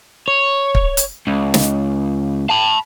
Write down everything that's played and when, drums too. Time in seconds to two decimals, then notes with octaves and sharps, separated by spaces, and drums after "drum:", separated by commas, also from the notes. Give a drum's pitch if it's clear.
0.28 C#5
0.75 drum: kick
0.97 drum: hi-hat
1.27 C#2
1.54 drum: snare
2.50 A5 B5